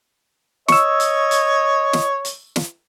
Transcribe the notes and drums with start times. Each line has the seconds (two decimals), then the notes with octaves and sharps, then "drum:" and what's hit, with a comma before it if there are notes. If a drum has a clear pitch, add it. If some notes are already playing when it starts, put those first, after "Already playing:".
0.68 C#5 D#5 C#6 E6, drum: snare
1.00 drum: hi-hat
1.31 drum: hi-hat
1.93 drum: snare
2.25 drum: hi-hat
2.56 drum: snare